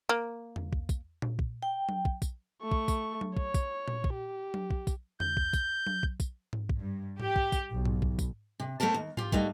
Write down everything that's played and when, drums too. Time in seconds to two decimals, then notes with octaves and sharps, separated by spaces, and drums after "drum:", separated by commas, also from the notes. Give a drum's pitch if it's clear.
0.09 A#3
0.56 drum: tom E2
0.73 drum: kick
0.89 drum: kick, tambourine
1.22 drum: tom A#2
1.39 drum: kick
1.63 G5
1.89 drum: tom F#3
2.05 drum: kick
2.22 drum: kick, tambourine
2.62 A3 C#6
2.72 drum: kick
2.88 drum: kick, tambourine
3.21 drum: tom F#3
3.37 C#5, drum: kick
3.54 drum: kick, tambourine
3.88 drum: tom A#2
4.04 drum: kick
4.13 G4
4.54 drum: tom F#3
4.70 drum: kick
4.87 drum: kick, tambourine
5.20 G6, drum: tom E2
5.37 drum: kick
5.53 drum: kick, tambourine
5.87 drum: tom F#3
6.03 drum: kick
6.20 drum: kick, tambourine
6.53 drum: tom G#2
6.69 drum: kick
6.79 G2
7.20 G4, drum: tom G#2
7.36 drum: kick
7.52 drum: kick, tambourine
7.71 B1
7.86 drum: tom G#2
8.02 drum: kick
8.19 drum: kick, tambourine
8.60 C3
8.80 A3 B3 C4 A#4 A5
8.94 D#2
9.17 F4 G4, drum: tom G#2
9.32 G3 A3 A#3 D#4 F#4, drum: kick